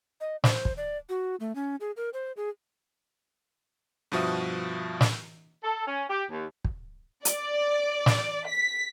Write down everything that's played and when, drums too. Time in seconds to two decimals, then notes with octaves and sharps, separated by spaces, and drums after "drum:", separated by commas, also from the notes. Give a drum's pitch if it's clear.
0.21 D#5
0.44 C5, drum: snare
0.65 drum: kick
0.77 D5
1.09 F#4
1.40 A3
1.55 C#4
1.80 G#4
1.97 A#4
2.13 C5
2.37 G#4
4.12 G2 B2 F3 F#4 E5 D#6
5.01 drum: snare
5.63 A4
5.87 C#4
6.10 G4
6.30 D#2
6.65 drum: kick
7.25 D5, drum: hi-hat
8.06 drum: snare
8.47 B6